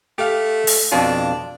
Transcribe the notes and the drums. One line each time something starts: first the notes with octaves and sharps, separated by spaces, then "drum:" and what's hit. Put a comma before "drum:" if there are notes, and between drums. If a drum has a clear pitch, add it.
A3 G4 F5
drum: open hi-hat
F2 B2 D4 F4